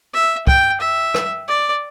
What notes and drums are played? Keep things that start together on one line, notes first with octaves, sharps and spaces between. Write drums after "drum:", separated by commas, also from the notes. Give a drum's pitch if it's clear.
E5
G5, drum: kick
E5
drum: rim click
D5